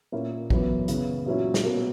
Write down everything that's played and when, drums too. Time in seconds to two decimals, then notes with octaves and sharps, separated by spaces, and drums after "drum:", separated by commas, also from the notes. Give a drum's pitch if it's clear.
0.12 A#2 A#3 C#4 E4
0.50 F#2 E3 B3, drum: kick
0.88 C#2 C#3 E3 B3, drum: hi-hat
1.26 A#2 F#3 C#4 E4
1.54 drum: snare
1.64 B2 A#3